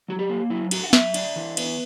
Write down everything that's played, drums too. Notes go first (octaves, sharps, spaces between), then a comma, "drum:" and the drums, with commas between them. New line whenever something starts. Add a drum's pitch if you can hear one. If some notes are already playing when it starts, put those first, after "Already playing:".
F#3 F#4
G4
A#3
F#3 E4
D4 F#4, drum: cymbal
F#5
F#3 E5, drum: snare
D4, drum: cymbal
E3
B3, drum: cymbal